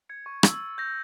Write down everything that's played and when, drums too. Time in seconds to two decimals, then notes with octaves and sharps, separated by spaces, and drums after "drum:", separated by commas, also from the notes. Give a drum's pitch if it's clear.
0.09 G#6 C#7
0.26 C#6
0.43 E6 A6, drum: rim click
0.60 E6
0.78 G6 A#6